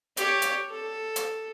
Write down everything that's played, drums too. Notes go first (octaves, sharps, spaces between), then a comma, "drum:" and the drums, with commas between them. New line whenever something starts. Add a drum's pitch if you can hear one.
G4 C#5, drum: hi-hat
drum: hi-hat
A4
drum: hi-hat